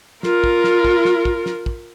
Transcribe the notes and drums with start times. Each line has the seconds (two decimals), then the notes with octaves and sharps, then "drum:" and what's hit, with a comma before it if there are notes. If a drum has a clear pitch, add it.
0.23 F4 A#4, drum: snare
0.44 drum: kick
0.64 drum: snare
0.85 drum: kick
1.05 drum: snare
1.25 drum: kick
1.46 drum: snare
1.66 drum: kick